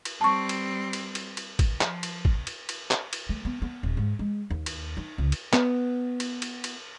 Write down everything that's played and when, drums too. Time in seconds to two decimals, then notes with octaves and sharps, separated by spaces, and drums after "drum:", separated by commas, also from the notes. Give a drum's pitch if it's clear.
0.05 drum: cymbal
0.21 G3 C4 A5 C#6
0.49 drum: cymbal
0.93 drum: cymbal
1.15 drum: cymbal
1.37 drum: cymbal
1.59 drum: kick, cymbal
1.81 F3, drum: clap
2.03 drum: cymbal
2.25 drum: kick
2.47 drum: cymbal
2.69 drum: cymbal
2.91 drum: clap
3.13 drum: cymbal
3.29 A3
3.45 B3
3.62 B3
3.83 D#1
3.97 G#2
4.19 G#3
4.50 D#2
4.66 drum: cymbal
4.97 D#4
5.18 C#2
5.32 drum: cymbal
5.53 B3, drum: clap
6.20 drum: cymbal
6.42 drum: cymbal
6.64 drum: cymbal